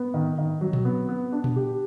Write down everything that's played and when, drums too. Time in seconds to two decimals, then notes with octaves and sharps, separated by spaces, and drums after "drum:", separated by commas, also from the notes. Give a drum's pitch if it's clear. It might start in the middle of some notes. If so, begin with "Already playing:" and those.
Already playing: B3
0.14 D#3
0.39 D#3
0.61 F#3
0.73 drum: tom A#2
0.85 B3
1.09 B3
1.32 D4
1.44 drum: tom A#2
1.56 G4